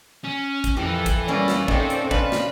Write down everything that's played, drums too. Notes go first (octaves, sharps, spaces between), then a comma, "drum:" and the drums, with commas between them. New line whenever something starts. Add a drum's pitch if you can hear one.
C#4
drum: kick, hi-hat
F2 E3 G4 A4 A#4
drum: kick, hi-hat
G3 A#3 C#4 B4 D5
drum: snare
C3 C4 D#4 G4 A4 D5, drum: kick
drum: hi-hat
C#3 D4 F4 B4, drum: kick
drum: snare